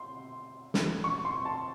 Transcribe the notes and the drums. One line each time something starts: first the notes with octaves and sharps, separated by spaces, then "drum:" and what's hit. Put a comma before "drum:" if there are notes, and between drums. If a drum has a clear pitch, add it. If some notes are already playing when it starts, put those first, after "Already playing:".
Already playing: C6
drum: snare
C#6
C6
A5